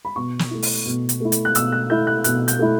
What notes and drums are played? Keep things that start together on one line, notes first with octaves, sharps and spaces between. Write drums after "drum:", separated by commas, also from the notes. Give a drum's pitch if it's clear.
B5
B2 C#6
drum: snare
A3 E4
drum: open hi-hat
B2
drum: hi-hat
A3 E4
drum: hi-hat
F#6
B2 E6, drum: hi-hat
F#6
A3 E4 G6
F#6
B2 F#6, drum: hi-hat
G6, drum: hi-hat
A3 E4